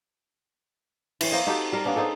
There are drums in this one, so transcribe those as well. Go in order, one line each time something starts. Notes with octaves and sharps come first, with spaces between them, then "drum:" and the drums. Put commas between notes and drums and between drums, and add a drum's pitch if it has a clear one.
E3 C#5, drum: cymbal
A#3 C4 D#5
D#4 F#4 G4 A4
G3 A#4 D5
A#3 B3 C#4 D4
C4 D#4 G#4 A4